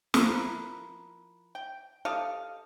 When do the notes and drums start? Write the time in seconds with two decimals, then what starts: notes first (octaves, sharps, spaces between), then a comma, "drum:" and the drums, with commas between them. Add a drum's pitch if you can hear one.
0.14 F3 E4 A#4 B4, drum: snare
1.55 G5
2.05 G4 A4 D#5 F5